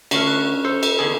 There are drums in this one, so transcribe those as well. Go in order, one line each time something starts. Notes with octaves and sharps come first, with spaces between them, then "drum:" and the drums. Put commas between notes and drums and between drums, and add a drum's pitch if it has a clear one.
D3 A3 C#4 C#6 F6, drum: cymbal
F#6
A4 C5
drum: cymbal
E2 D3 G#4